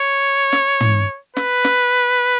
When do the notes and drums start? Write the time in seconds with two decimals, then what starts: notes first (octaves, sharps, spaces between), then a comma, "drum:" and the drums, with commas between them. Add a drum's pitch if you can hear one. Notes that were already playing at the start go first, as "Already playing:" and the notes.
Already playing: C#5
0.53 drum: snare
0.81 drum: tom
1.37 B4, drum: snare
1.64 drum: snare